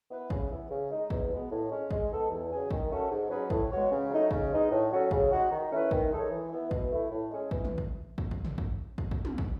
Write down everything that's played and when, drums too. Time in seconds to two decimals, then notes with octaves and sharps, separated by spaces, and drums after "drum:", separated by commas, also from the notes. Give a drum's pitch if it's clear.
0.10 B3 E4 B4
0.30 C#3, drum: kick
0.50 E3 B3 E4
0.70 C#3
0.90 G#3 D#4
1.10 E2, drum: kick
1.31 B2 G#3 B3
1.50 A2
1.70 G#3 C#4
1.91 G#3, drum: kick
2.10 B3 D#4 A4
2.30 E2
2.51 C#3 F#3 C#4 G#4
2.71 D#3, drum: kick
2.90 A3 C#4 F#4 A4
3.10 G#2
3.30 F#3 C#4 G#4 B4
3.50 A2, drum: kick
3.71 G#3 B3 F#4 C#5
3.91 C#3
4.11 F#3 A3 D#4
4.31 C#3, drum: kick
4.51 G#3 B3 D#4 G#4
4.70 A2
4.91 F#3 C#4 F#4 A4
5.11 C#3, drum: kick
5.31 G#3 D#4 F#4
5.51 D#3
5.71 A3 C#4 E4 B4
5.91 D#3, drum: kick
6.10 G#3 D#4 A4 C#5
6.31 E3
6.51 B3 E4
6.71 B2, drum: kick
6.91 A3 E4
7.11 A2
7.31 G#3 C#4 G#4 C#5
7.51 E3, drum: kick
7.65 drum: tom
7.78 drum: kick
8.18 drum: kick
8.31 drum: kick
8.45 drum: tom
8.58 drum: kick
8.98 drum: kick
9.11 drum: kick
9.25 drum: tom
9.38 drum: kick